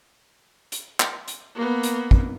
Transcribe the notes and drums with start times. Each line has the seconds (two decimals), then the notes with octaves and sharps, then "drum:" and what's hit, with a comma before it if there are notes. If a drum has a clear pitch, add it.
0.72 drum: hi-hat
1.00 drum: clap
1.28 drum: hi-hat
1.55 A#3 B3
1.83 drum: hi-hat
2.11 drum: kick